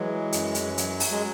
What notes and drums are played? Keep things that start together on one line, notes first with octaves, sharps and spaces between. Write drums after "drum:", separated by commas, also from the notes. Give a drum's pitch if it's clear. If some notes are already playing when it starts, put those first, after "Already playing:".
Already playing: E3 F#3 G#3
F#2, drum: hi-hat
drum: hi-hat
F#3, drum: hi-hat
drum: open hi-hat
G#3